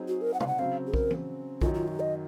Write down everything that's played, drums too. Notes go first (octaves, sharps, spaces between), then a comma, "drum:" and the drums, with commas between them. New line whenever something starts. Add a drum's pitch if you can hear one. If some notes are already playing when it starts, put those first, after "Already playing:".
Already playing: F#3 C4 D#4 G#4
F#4
A#4
F#5
F5, drum: tom
F#5
C#3 F#3 C4 F5
G#4
A#4, drum: kick B1
drum: tom E3
F#2 D#3 F#3 F4, drum: kick B1
F4
F#4
D#5